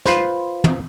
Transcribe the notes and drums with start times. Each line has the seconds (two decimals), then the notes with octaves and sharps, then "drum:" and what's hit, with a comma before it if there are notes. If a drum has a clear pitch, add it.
0.05 F4 B4 C5, drum: snare
0.64 drum: tom